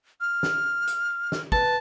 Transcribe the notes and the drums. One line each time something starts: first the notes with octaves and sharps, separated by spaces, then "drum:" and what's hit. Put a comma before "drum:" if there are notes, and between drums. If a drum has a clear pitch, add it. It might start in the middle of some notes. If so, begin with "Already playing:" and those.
F6
drum: snare
drum: hi-hat
drum: snare
B4 A5, drum: kick